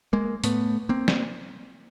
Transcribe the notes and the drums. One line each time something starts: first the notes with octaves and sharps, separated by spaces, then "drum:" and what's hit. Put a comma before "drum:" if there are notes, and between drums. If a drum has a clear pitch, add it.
G#3 A#3
A2 A3 B3, drum: hi-hat
A#3 C4
drum: snare